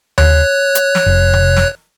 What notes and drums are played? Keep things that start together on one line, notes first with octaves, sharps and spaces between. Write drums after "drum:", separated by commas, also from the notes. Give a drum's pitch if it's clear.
C#5 F#6, drum: tom D#2
drum: hi-hat
drum: snare
F1
drum: tom C3
drum: snare